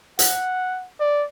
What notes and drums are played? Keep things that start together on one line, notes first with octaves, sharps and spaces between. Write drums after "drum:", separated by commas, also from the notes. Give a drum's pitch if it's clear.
F#5, drum: hi-hat
D5